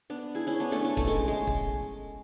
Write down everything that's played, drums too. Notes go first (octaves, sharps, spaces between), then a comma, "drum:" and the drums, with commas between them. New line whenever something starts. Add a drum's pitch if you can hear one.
B3 D4
E4 G#4
C#4 E4
B3 D4
A3 C#4
A3
A3, drum: kick
G#3
G#3
drum: kick